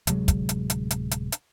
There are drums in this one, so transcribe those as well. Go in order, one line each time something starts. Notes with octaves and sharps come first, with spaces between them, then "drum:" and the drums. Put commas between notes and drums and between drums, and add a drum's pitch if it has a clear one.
D1 C3 F#3 G#3, drum: hi-hat
drum: kick, hi-hat
drum: hi-hat
drum: hi-hat
drum: hi-hat
drum: hi-hat
drum: hi-hat